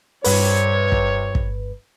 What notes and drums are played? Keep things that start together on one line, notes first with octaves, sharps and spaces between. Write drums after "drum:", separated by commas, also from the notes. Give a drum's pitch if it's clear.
C2 G2 C3 B4 C#5, drum: open hi-hat
drum: kick
drum: kick